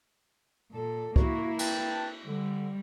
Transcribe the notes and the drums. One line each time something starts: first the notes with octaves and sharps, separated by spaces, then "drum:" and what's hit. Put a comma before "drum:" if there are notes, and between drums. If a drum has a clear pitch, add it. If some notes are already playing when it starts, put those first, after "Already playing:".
A#2 A4
A#3 E4 F#4, drum: kick
B4 G5 A5, drum: cymbal
D3 G3